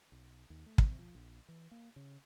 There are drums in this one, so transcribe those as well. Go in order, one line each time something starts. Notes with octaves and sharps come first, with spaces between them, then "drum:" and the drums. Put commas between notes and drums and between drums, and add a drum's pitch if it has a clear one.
B1
D#2
A3
C3, drum: kick
F3
A#1
E3
A#3
C#3